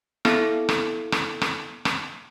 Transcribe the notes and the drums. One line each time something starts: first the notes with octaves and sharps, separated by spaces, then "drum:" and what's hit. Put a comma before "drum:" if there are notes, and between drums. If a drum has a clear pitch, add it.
B3 E4 A4 F5, drum: rim click
drum: rim click
drum: rim click
drum: rim click
drum: rim click